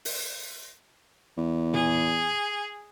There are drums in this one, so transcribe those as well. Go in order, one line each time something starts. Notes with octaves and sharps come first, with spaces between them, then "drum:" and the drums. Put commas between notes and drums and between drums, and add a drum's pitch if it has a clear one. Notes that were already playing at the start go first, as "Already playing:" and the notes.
drum: open hi-hat
E2
G#4, drum: tom A#2